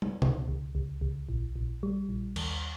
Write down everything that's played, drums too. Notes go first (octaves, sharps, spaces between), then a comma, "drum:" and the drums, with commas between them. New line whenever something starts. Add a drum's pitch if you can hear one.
drum: tom
C#2, drum: tom B2
C#2
C#2
C#2
A#1
A#1
G3
A#1
D#2, drum: cymbal